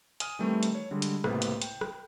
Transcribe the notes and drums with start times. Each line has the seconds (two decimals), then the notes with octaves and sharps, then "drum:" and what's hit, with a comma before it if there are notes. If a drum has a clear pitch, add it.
0.20 G#5 D#6 F6 D#7, drum: hi-hat
0.39 D#3 E3 G3 A3 C4
0.63 drum: hi-hat
0.75 C#5
0.91 D3 G3 G#3
1.02 drum: hi-hat
1.24 C#2 A2 C3 A#3 B4 C5, drum: rim click
1.42 drum: hi-hat
1.62 G5, drum: hi-hat
1.81 drum: rim click